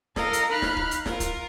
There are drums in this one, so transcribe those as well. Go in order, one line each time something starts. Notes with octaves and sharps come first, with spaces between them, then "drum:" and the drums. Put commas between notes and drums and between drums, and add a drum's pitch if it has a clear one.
A4 A#4 D#5 F5, drum: snare
drum: hi-hat
D#4 F5 B5 F6 F#6
drum: snare
drum: kick
drum: hi-hat
F4 A#4, drum: snare
drum: kick, hi-hat